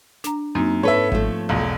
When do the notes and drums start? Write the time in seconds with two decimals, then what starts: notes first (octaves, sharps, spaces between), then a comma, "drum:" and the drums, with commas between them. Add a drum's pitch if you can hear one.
0.24 D4 A#5, drum: snare
0.55 F#2 A#3 C4 D#4
0.83 G#2 A4 B4 C#5 E5
1.12 F3 A3, drum: kick G#1
1.49 E1 B1 F5